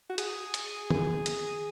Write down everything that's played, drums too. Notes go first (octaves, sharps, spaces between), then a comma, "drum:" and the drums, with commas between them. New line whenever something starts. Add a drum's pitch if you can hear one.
F#4
G#4, drum: hi-hat
drum: hi-hat
G#4, drum: tom
drum: hi-hat